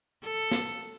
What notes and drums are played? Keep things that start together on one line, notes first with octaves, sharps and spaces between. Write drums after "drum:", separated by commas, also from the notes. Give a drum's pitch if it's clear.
A4
drum: snare